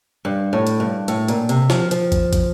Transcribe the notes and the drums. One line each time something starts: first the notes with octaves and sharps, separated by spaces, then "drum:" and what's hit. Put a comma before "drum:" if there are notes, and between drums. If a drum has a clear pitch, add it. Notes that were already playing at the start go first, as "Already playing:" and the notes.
G2
A2
drum: hi-hat
G2
A2, drum: hi-hat
A#2, drum: hi-hat
C3, drum: hi-hat
F3, drum: snare
F3, drum: hi-hat
drum: kick, hi-hat
drum: kick, hi-hat